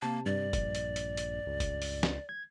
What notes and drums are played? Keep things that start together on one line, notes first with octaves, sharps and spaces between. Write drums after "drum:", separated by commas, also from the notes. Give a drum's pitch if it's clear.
C3 A#3 A5
G2 D5
A#1, drum: kick, hi-hat
drum: hi-hat
drum: hi-hat
drum: hi-hat
C#2
drum: kick, hi-hat
drum: open hi-hat
drum: snare
G#6